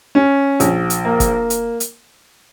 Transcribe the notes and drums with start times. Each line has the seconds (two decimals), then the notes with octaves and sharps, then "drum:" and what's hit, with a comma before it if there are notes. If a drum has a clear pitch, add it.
0.15 C#4
0.60 A#1, drum: hi-hat
0.90 drum: hi-hat
1.05 A#3
1.20 drum: kick, hi-hat
1.50 drum: hi-hat
1.80 drum: hi-hat